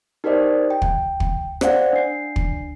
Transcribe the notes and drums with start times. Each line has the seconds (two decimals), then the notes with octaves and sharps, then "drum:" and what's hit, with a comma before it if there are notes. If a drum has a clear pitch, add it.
0.24 D#4 G4 A#4 C5 D5 D#5
0.70 G5
0.82 drum: kick
1.20 drum: kick
1.61 C5 D5 F5 F#5, drum: rim click
1.93 D4 C7
2.36 drum: kick